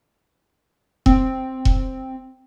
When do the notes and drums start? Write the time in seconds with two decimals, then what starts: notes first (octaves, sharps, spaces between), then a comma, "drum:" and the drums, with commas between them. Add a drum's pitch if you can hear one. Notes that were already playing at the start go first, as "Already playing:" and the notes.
1.06 C4, drum: kick E1
1.65 drum: kick E1